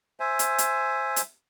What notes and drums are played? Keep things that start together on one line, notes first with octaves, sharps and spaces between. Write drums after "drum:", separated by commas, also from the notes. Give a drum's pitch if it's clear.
C5 E5 G#5
drum: hi-hat
drum: hi-hat
drum: hi-hat